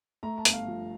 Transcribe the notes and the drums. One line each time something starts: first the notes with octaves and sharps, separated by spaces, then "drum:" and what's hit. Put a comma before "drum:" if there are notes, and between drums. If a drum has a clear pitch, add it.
A3 A#5
A5
G1, drum: hi-hat
F5
F3